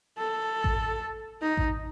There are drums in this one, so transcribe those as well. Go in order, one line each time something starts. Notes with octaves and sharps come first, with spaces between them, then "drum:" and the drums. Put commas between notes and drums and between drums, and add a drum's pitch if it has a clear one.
A4
drum: kick A1
D#4
drum: kick A1